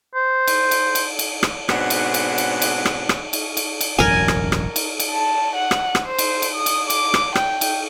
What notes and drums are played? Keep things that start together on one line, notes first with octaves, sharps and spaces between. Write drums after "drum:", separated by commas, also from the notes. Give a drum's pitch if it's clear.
C5
drum: cymbal
drum: cymbal
drum: cymbal
drum: cymbal
drum: rim click
G#2 B2 C4 D4 C#5 F#5, drum: rim click
drum: cymbal
drum: cymbal
drum: cymbal
drum: cymbal
drum: rim click
drum: rim click
drum: cymbal
drum: cymbal
drum: cymbal
E1 A1 F#2 A#4 G#5
drum: rim click
drum: rim click
drum: cymbal
drum: cymbal
A5
F#5
drum: rim click
drum: rim click
C5
drum: cymbal
drum: cymbal
D#6
drum: cymbal
D6, drum: cymbal
drum: rim click
G5, drum: rim click
drum: cymbal